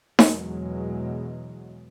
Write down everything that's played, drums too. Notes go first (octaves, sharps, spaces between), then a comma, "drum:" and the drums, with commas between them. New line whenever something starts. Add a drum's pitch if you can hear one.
E2 B2 F#3 G#3, drum: snare D#4